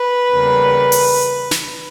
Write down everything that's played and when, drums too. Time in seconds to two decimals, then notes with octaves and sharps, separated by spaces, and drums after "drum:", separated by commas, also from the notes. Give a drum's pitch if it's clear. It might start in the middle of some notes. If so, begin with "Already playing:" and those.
Already playing: B4
0.33 E2 C#3 G3 A#3
0.92 drum: open hi-hat
1.51 drum: snare